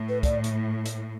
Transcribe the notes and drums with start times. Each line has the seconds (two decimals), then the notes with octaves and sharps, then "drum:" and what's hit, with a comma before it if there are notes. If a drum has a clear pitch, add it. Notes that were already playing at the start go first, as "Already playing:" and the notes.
Already playing: A2
0.09 B4
0.23 D5, drum: kick, hi-hat
0.44 drum: hi-hat
0.86 drum: hi-hat